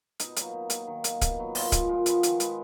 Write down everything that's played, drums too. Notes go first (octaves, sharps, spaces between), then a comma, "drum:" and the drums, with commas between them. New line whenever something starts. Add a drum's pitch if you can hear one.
B2 D#4, drum: hi-hat
F#3 A#3, drum: hi-hat
B2
A#3, drum: hi-hat
D#3
A#3, drum: hi-hat
B2, drum: kick D1, hi-hat
F#3 B3
A#2 F4, drum: open hi-hat
F3 G#3, drum: kick D1, hi-hat
A#2 F4
F3 G#3 B3, drum: hi-hat
D#3, drum: hi-hat
G#3 B3, drum: hi-hat